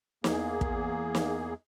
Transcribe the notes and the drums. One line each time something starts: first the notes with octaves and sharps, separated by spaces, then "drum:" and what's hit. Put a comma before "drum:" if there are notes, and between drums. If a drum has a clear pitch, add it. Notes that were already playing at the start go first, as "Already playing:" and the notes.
E2 A#3 G#4, drum: snare
drum: kick
drum: snare